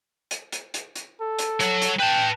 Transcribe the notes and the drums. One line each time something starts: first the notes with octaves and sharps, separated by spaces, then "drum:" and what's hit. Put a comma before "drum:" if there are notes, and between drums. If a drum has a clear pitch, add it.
drum: hi-hat
drum: hi-hat
drum: hi-hat
drum: hi-hat
A4
drum: hi-hat
F#3, drum: hi-hat
drum: hi-hat
B4 G5 A5